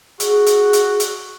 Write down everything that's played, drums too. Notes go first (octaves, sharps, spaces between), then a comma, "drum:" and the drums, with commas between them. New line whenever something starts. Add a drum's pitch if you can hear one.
F#4 G#4, drum: hi-hat
drum: hi-hat
drum: hi-hat
drum: hi-hat